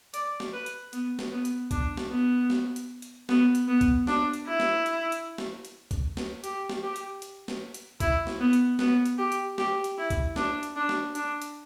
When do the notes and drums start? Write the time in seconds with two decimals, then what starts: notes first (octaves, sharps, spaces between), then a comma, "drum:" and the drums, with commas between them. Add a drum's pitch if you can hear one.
0.14 D5, drum: hi-hat
0.40 drum: snare
0.53 B4
0.66 drum: hi-hat
0.93 B3, drum: hi-hat
1.19 drum: snare
1.32 B3
1.45 drum: hi-hat
1.71 D4, drum: kick, hi-hat
1.97 drum: snare
2.10 B3
2.50 drum: snare
2.76 drum: hi-hat
3.02 drum: hi-hat
3.29 B3, drum: snare
3.55 drum: hi-hat
3.68 B3
3.81 drum: kick, hi-hat
4.07 D4, drum: snare
4.33 drum: hi-hat
4.46 E4
4.60 drum: snare
4.86 drum: hi-hat
5.12 drum: hi-hat
5.38 drum: snare
5.65 drum: hi-hat
5.91 drum: kick, hi-hat
6.17 drum: snare
6.44 G4, drum: hi-hat
6.70 drum: snare
6.83 G4
6.96 drum: hi-hat
7.22 drum: hi-hat
7.48 drum: snare
7.74 drum: hi-hat
8.00 E4, drum: kick, hi-hat
8.27 drum: snare
8.40 B3
8.53 drum: hi-hat
8.79 B3, drum: snare
9.06 drum: hi-hat
9.18 G4
9.32 drum: hi-hat
9.58 G4, drum: snare
9.84 drum: hi-hat
9.98 E4
10.10 drum: kick, hi-hat
10.36 D4, drum: snare
10.63 drum: hi-hat
10.76 D4
10.89 drum: snare
11.15 D4, drum: hi-hat
11.42 drum: hi-hat